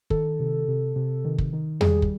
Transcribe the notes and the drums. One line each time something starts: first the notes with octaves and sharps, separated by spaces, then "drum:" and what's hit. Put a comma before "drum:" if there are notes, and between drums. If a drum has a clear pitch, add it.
D#3 A4, drum: kick
C3
C3
C3
D#3
drum: kick
D#3
G3 G#4, drum: tom E2
drum: kick